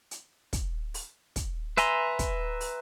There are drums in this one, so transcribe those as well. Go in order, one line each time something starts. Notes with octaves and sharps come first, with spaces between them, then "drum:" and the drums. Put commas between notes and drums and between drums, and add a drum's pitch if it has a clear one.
drum: hi-hat
drum: kick, hi-hat
drum: open hi-hat
drum: kick, hi-hat
B4 E5 G#5 A#5 C6, drum: hi-hat
drum: kick, hi-hat
drum: open hi-hat